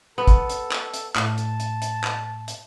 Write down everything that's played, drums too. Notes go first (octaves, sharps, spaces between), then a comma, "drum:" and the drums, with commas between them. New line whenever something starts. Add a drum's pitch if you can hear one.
B3 A4
drum: kick, hi-hat
drum: hi-hat
drum: clap
drum: hi-hat
A2 A5, drum: clap
drum: hi-hat
drum: hi-hat
drum: hi-hat
drum: clap
drum: hi-hat